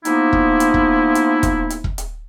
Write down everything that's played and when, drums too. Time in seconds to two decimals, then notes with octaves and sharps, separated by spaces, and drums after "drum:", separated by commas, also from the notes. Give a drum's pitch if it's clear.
0.05 F3 A#3 B3 D#4 E4, drum: hi-hat
0.33 drum: kick E1
0.60 drum: hi-hat
0.74 drum: kick E1
1.15 drum: hi-hat
1.43 drum: kick E1, hi-hat
1.70 drum: hi-hat
1.84 drum: kick E1
1.98 drum: hi-hat